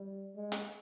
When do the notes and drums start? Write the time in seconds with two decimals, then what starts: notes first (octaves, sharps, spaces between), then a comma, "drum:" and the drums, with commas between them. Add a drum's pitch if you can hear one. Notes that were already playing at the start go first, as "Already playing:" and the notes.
Already playing: G3
0.36 G#3
0.52 drum: hi-hat